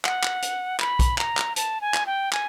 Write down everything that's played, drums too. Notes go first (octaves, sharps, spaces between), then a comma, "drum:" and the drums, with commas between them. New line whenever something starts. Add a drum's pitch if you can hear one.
F#5, drum: clap
drum: clap
drum: hi-hat
B5, drum: clap
drum: kick, hi-hat
A#5, drum: clap
drum: clap
A5, drum: hi-hat
G#5
drum: clap
G5
G#5, drum: clap